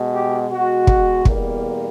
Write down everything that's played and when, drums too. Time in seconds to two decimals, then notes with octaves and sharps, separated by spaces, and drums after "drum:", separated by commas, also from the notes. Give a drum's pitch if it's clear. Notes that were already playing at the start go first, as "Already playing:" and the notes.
Already playing: B2 G#3
0.12 G4
0.50 B2 G#3 F#4
0.87 drum: kick
1.25 E2 B2 G3 A#3, drum: kick